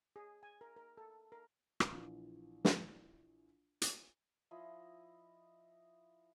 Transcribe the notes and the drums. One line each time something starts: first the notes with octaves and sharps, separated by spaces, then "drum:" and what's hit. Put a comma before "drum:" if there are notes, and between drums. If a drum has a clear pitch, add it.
G#4
G#5
A#4
A#4
A4
A#4
drum: rim click
A#1 E3 F4
drum: snare
drum: hi-hat
F3 E4 D#5